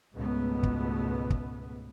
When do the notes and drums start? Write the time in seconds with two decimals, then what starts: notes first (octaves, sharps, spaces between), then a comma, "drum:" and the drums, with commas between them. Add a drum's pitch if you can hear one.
0.13 C#2 G#2 B2 A3 B3
0.63 drum: kick
1.30 drum: kick